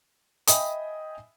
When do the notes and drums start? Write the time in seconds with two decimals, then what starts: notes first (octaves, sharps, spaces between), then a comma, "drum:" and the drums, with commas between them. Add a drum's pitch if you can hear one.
0.47 D#5 E5 G5 G#5 B5 D#6, drum: hi-hat